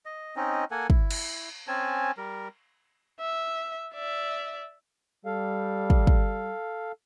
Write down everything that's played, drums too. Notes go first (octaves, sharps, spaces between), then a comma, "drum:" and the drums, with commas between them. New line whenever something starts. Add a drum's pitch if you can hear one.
D#5
C4 C#4 D#4 D#5
A#3 A4 F#5 G#5
E4, drum: kick
drum: cymbal
C4 C#4 G#5 A5
G3 A#4
E5
D5 E5
G3 A4 F5
drum: kick
drum: kick